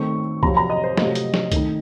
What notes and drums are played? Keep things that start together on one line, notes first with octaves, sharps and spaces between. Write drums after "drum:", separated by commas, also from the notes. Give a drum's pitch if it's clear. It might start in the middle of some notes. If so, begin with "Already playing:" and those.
Already playing: D#3 A3 C4 C#6
F2 C3 F#3 C4 F4 A#5, drum: kick C2
A#5
D#5
C5
C3 F#3 A3 C4 F4 D#5, drum: snare
drum: hi-hat
drum: snare
D#3 A3 D#4, drum: kick C2, hi-hat